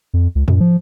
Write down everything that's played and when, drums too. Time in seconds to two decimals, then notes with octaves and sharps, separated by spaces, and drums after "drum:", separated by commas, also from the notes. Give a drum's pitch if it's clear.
0.14 F2
0.35 C#2
0.48 F#2, drum: tom
0.60 F3